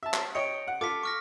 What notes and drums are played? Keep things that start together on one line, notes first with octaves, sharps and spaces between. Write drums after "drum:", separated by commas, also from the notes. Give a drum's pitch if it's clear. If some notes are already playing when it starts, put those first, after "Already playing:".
E5 A5
drum: clap
C#5 D#5 G5 C#7 D7
F#5
F4 A4 D6 B6
C#6 F6 A#6